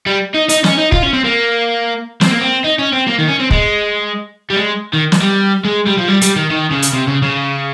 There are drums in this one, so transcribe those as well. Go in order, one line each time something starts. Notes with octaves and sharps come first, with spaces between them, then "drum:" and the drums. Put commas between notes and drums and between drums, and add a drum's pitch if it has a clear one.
G3
D#4
D#4, drum: hi-hat
C#4, drum: snare
D#4
F4, drum: kick
C#4
C4
A#3
C4, drum: snare
A#3
C4
D#4
C#4
C4
A#3
D#3
C#4
C4
G#3, drum: kick
G3
G#3
D#3
drum: snare
G3
G#3
G3
F3
G3
G3, drum: hi-hat
D#3
D#3
C#3
drum: hi-hat
C3
C#3
C#3